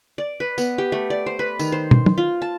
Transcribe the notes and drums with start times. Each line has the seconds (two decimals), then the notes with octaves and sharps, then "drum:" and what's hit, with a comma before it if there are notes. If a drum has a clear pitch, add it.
0.18 D5
0.40 B4
0.58 B3, drum: tambourine
0.78 G4
0.92 A3
1.10 D5
1.26 C5
1.39 B4
1.59 D#3, drum: tambourine
1.72 C5
1.91 drum: tom
2.06 drum: tom
2.18 F4
2.42 A5